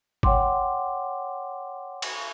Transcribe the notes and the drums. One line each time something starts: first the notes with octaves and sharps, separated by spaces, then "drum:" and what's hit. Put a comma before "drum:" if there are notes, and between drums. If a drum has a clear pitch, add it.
C#5 F#5 G5 C6 D6, drum: kick G#1
drum: cymbal